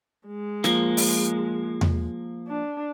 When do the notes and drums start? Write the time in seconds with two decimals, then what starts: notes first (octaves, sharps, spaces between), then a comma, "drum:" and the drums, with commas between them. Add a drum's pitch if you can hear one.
0.27 G#3
0.64 F3 A#3, drum: snare
0.97 drum: open hi-hat
1.81 drum: tom E2
2.48 D4